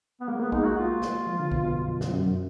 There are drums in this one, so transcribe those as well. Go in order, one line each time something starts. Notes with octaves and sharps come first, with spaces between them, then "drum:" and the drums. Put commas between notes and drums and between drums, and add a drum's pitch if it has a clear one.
B3
G#3 A#3
A#3 B3
G#3 D#4, drum: kick B1
F#4
F4
drum: snare
F3
D3
B2, drum: kick B1
B2
F#2
F2
F#2, drum: snare
F#2